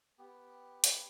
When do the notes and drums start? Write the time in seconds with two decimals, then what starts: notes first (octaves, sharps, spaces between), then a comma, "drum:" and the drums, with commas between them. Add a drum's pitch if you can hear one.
0.18 B3 G4
0.84 drum: hi-hat